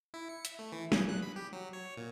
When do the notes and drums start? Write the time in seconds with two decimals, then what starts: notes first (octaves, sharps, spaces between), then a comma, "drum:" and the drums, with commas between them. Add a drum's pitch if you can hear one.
0.14 E4
0.29 C#7
0.45 E5, drum: hi-hat
0.59 A3
0.72 E3
0.92 G#4, drum: snare
1.09 F#6
1.22 B5
1.36 G4
1.53 F#3
1.73 C#5
1.97 A#2